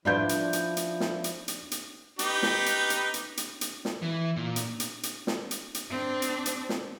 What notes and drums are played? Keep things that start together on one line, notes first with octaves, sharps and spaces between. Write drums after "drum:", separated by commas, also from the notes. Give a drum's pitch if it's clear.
F3 D4 E4 F4 B4 D5 G6
drum: hi-hat
drum: hi-hat
drum: hi-hat
drum: snare
drum: hi-hat
drum: hi-hat
drum: hi-hat
D#4 G4 B4, drum: hi-hat
drum: snare
drum: hi-hat
drum: hi-hat
drum: hi-hat
drum: hi-hat
drum: hi-hat
drum: snare
E3
A#2
drum: hi-hat
drum: hi-hat
drum: hi-hat
drum: snare
drum: hi-hat
drum: hi-hat
C4 D4
drum: hi-hat
drum: hi-hat
drum: snare